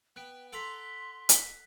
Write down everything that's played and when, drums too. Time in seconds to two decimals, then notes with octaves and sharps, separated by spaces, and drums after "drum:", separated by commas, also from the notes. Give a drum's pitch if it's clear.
0.16 B3 G5 F#6 D7
0.53 A4 F#5 A#5 C6 B6 D7
1.29 drum: hi-hat